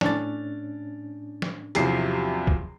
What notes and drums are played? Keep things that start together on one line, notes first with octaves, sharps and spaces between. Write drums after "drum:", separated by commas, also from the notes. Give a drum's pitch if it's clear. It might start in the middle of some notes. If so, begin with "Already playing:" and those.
A2 C#4 D4 A6 F7, drum: snare
drum: snare
E2 C3 F3 F#3 C7, drum: hi-hat
drum: kick